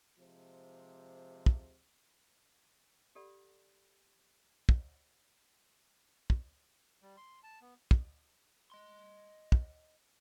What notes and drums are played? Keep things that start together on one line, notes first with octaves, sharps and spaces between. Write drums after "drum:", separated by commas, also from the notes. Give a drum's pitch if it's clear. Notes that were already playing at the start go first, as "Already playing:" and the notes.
C3 F3 G#3 C5
drum: kick
G4 A4 D5 F#5 B5
drum: kick
drum: kick
G3
C6
A5
B3
drum: kick
D#5 C6
drum: kick